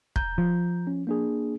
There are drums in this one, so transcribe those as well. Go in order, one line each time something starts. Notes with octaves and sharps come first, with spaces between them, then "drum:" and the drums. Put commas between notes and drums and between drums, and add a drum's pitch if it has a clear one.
A#5 G6, drum: kick
F3
C#4
A#3 D4 G#4